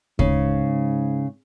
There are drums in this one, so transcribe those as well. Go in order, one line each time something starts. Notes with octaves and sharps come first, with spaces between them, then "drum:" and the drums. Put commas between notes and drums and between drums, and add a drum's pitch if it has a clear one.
G#2 C#3, drum: kick D2